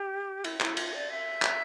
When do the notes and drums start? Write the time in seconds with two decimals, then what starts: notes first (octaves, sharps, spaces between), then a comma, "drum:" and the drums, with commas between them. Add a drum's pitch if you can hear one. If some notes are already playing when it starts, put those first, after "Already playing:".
Already playing: G4
0.44 E4, drum: cymbal
0.61 E4, drum: clap
0.77 F4, drum: cymbal
0.93 D5
1.10 E5
1.42 drum: clap